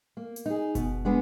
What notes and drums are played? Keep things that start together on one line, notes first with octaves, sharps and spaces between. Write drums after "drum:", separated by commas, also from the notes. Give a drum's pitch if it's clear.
A#3
drum: hi-hat
D#4 G#4
B2, drum: kick F#1, hi-hat
G#3 B3 D4